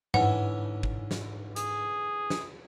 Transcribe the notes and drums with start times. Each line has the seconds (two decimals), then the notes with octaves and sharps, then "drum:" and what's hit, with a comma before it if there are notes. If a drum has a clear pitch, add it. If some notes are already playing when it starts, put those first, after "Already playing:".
0.14 G#2 D3 E3 C#4 F#5, drum: tom G2
0.83 drum: kick
1.11 drum: snare
1.56 G#4, drum: hi-hat
2.30 drum: snare